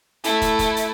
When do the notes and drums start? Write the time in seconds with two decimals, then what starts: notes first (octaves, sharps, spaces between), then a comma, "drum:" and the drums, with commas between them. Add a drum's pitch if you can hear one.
0.24 A3 E4, drum: hi-hat
0.41 drum: kick, hi-hat
0.59 drum: kick, hi-hat
0.76 drum: hi-hat